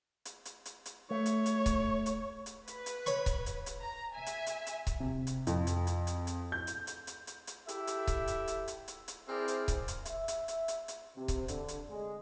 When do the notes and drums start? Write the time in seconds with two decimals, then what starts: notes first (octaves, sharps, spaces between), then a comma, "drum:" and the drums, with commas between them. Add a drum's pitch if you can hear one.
0.25 drum: hi-hat
0.45 drum: hi-hat
0.66 drum: hi-hat
0.86 drum: hi-hat
1.11 A3 C#5
1.26 drum: hi-hat
1.46 drum: hi-hat
1.66 drum: kick C#1, hi-hat
2.06 drum: hi-hat
2.46 drum: hi-hat
2.68 B4, drum: hi-hat
2.86 drum: hi-hat
3.06 C#5 B5 C#6, drum: hi-hat
3.26 drum: kick C#1, hi-hat
3.46 drum: hi-hat
3.66 drum: hi-hat
3.81 A#5
4.14 E5 G#5
4.26 drum: hi-hat
4.47 drum: hi-hat
4.67 drum: hi-hat
4.87 drum: kick C#1, hi-hat
5.00 C3
5.27 drum: hi-hat
5.47 F2, drum: hi-hat
5.67 drum: hi-hat
5.87 drum: hi-hat
6.07 drum: hi-hat
6.27 drum: hi-hat
6.52 G6
6.67 drum: hi-hat
6.87 drum: hi-hat
7.07 drum: hi-hat
7.27 drum: hi-hat
7.47 drum: hi-hat
7.68 E4 G4 A4 E5, drum: hi-hat
7.87 drum: hi-hat
8.07 drum: kick C#1, hi-hat
8.28 drum: hi-hat
8.48 drum: hi-hat
8.68 drum: hi-hat
8.88 drum: hi-hat
9.08 drum: hi-hat
9.29 C4 E4 G#4 A#4 C5 D5
9.48 drum: hi-hat
9.68 drum: kick C#1, hi-hat
9.88 drum: hi-hat
10.05 E5, drum: hi-hat
10.28 drum: hi-hat
10.48 drum: hi-hat
10.68 drum: hi-hat
10.88 drum: hi-hat
11.16 C3
11.28 drum: kick C#1, hi-hat
11.48 D3, drum: hi-hat
11.68 drum: hi-hat
11.90 G#3